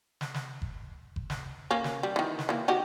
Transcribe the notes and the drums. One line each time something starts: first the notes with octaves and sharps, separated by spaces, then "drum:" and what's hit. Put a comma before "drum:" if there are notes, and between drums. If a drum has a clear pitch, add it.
drum: snare
drum: snare
drum: kick F#1
drum: kick F#1
drum: snare
A#3 C#4
drum: snare
G3
D#3 E3
drum: snare
E3 A#3
D#4 F#4 G4